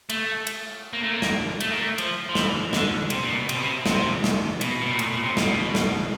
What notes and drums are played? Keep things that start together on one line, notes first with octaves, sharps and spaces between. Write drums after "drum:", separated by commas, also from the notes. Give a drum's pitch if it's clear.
A3, drum: cymbal
drum: cymbal
A#3
A3
A#3
drum: snare
A3, drum: cymbal
A#3
A3
F3, drum: cymbal
F3
E3, drum: snare
D3, drum: snare
C3, drum: cymbal
A#2
B2
C3, drum: cymbal
B2
C3
C3, drum: snare
drum: snare
B2, drum: cymbal
B2
A#2
A2, drum: cymbal
A#2
C3
B2, drum: snare
drum: snare